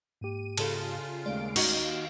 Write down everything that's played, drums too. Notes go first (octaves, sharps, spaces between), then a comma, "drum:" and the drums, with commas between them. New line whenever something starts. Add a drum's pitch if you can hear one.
G#2 A#3 G4 D#7
C#3 F4 A4 A5, drum: cymbal
D#2 G#3 A3 C#4 D5 F5 D7
D#4 F#4 C#6, drum: cymbal